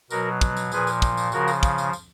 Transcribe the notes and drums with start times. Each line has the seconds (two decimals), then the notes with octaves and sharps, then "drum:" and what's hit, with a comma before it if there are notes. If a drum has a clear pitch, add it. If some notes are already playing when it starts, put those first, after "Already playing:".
0.10 B2 F#3 F#4 A#4, drum: tambourine
0.41 drum: kick, tambourine
0.57 drum: tambourine
0.71 A#2 F3 G#4 B4, drum: tambourine
0.87 drum: tambourine
1.02 drum: kick, tambourine
1.17 drum: tambourine
1.32 C#3 F3 F#4 A#4, drum: tambourine
1.48 drum: tambourine
1.63 drum: kick, tambourine
1.78 drum: tambourine
1.93 drum: tambourine